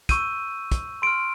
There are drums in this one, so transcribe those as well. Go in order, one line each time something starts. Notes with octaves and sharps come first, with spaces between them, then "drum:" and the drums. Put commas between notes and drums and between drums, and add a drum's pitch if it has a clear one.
C#6 E6 G6 D#7, drum: kick, hi-hat
drum: kick, hi-hat
C6 F6 D7